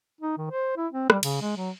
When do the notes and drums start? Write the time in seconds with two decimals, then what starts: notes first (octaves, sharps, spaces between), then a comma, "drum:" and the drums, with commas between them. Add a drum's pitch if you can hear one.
0.21 D#4
0.38 D#3
0.51 C5
0.77 E4
0.93 C4
1.10 G3, drum: rim click
1.23 C#3, drum: cymbal
1.41 G#3
1.57 F#3